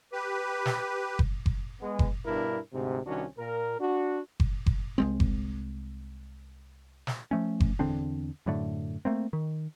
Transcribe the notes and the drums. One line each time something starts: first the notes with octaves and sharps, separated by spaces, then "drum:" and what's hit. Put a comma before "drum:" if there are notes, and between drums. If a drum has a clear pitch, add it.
G4 B4
drum: snare
drum: kick F#1
drum: kick F#1
G#3 B3
drum: kick F#1
G2 B2 D4 E4 A#4
D2 G#2 C3
C2 D#3 C#4 D4 F#4
A#2 A#4
D4 F#4
drum: kick F#1
drum: kick F#1
C2 G#3 C4
drum: kick F#1
drum: snare
F3 A3 C#4
drum: kick F#1
E2 D3 C4 D4
F#2 A2 D3 A3
A3 A#3 C4
D#3